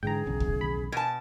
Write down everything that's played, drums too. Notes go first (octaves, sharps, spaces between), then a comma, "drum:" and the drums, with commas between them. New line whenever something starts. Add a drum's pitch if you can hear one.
G#2 D3 E3 G#4 G5 A#5
B1 E2 C#3
drum: kick D2
D#2 B5
B2 G#5 A5